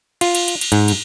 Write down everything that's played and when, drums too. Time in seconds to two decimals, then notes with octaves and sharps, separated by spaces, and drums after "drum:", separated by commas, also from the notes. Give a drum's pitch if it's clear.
0.21 F4, drum: cymbal
0.35 drum: cymbal
0.48 drum: cymbal
0.61 drum: cymbal
0.72 G#2, drum: cymbal
0.88 drum: cymbal